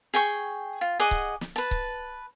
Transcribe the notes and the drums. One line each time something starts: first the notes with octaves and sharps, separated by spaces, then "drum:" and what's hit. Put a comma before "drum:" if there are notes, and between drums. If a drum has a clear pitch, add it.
G#4 G5 C#6
F4
G#4 D#5 F#5 D6
drum: kick C#1
drum: snare
B4 A5
drum: kick C#1